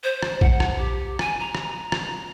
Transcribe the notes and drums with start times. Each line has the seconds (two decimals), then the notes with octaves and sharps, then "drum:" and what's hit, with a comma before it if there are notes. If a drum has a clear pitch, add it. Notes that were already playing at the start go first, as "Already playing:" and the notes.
0.04 C5
0.23 drum: rim click
0.41 F#5, drum: kick
0.60 drum: rim click
0.75 G4
1.19 G#5, drum: rim click
1.40 A#5
1.55 drum: rim click
1.92 drum: rim click